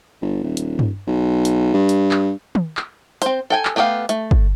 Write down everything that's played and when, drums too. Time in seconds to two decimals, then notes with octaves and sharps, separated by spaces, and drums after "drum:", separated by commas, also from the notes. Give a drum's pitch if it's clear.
0.21 G1
0.44 D#1
0.57 drum: hi-hat
0.79 drum: tom G2
1.07 B1
1.45 drum: hi-hat
1.74 G2
1.89 drum: hi-hat
2.11 drum: clap
2.55 drum: tom D#3
2.77 drum: clap
3.22 C4 C5, drum: hi-hat
3.50 A4 G5 G#5
3.65 drum: clap
3.76 A3 B3 G4 D5 F5
4.09 A3, drum: hi-hat
4.31 drum: kick